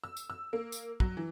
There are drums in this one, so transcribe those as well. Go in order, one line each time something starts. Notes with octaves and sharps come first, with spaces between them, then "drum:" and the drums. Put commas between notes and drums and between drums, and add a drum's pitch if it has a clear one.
E6
drum: tambourine
E6
A#3
drum: tambourine
F#3, drum: kick
E3